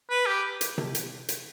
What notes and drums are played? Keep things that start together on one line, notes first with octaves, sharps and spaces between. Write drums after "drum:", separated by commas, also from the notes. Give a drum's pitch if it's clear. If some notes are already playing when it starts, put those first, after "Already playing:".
B4
G4
drum: hi-hat
drum: tom C3
drum: hi-hat
drum: hi-hat